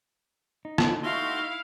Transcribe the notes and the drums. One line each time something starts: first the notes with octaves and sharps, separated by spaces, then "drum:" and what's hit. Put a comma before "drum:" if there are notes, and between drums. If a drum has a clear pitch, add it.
D#4
drum: rim click
A3 E4 F#4 F5 C6